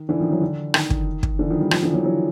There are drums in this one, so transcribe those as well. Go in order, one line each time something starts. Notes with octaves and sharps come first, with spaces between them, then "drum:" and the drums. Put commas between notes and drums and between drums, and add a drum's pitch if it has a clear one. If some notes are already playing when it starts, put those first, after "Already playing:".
Already playing: D#3
D3 E3
D#3 F3
E3 F#3
D3
D#3, drum: rim click
drum: kick
drum: kick
D3 E3
D#3 F3
F3 G3
D#3 F3, drum: rim click
D3 E3
E3 F#3
E3 F#3